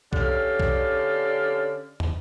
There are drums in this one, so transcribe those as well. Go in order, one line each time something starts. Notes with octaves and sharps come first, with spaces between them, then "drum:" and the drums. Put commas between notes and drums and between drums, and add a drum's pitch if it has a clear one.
D3 C#4 G4 D5 F5, drum: kick B1
drum: kick B1
drum: tom